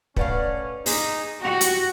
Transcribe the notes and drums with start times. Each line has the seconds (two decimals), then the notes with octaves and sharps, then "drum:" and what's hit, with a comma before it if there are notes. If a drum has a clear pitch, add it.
0.16 A3 C#4 B4 D5 F5 F#5, drum: kick
0.86 A#3 D#4 G#4 C5, drum: open hi-hat
1.41 F#4 G4
1.61 drum: hi-hat